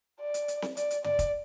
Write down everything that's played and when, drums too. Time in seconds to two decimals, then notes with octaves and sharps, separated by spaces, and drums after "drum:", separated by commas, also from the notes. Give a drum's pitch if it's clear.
0.21 D5
0.34 drum: hi-hat
0.48 drum: hi-hat
0.62 drum: snare C4
0.77 D5, drum: hi-hat
0.91 drum: hi-hat
1.04 D5, drum: tom
1.19 drum: kick, hi-hat